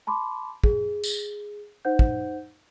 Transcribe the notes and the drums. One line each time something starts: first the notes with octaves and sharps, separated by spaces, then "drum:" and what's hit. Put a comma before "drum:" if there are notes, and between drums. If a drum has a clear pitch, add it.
A5 B5 C6 D6
G#4, drum: kick
drum: tambourine
D#4 C5 F#5 G6
drum: kick